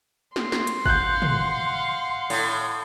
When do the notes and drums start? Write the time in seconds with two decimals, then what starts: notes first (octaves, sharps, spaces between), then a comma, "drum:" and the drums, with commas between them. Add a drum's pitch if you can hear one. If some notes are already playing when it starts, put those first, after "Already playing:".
0.36 C6, drum: snare
0.52 drum: snare
0.67 drum: hi-hat
0.86 F5 F#5 F#6 G6, drum: kick
1.22 drum: tom
2.30 A2, drum: cymbal